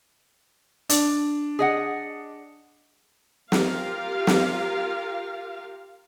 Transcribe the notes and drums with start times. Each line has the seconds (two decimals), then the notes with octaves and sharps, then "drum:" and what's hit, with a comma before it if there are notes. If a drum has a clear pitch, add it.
0.89 D4, drum: hi-hat
1.59 G#4 D#5 F#5
3.52 F4 G4 A#4 F5, drum: snare
4.27 drum: snare